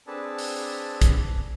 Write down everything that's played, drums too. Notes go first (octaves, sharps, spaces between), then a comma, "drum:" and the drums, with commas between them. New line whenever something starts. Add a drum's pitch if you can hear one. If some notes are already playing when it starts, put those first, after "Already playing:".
C4 D4 G#4 A4 B4 A5
drum: open hi-hat
drum: kick, hi-hat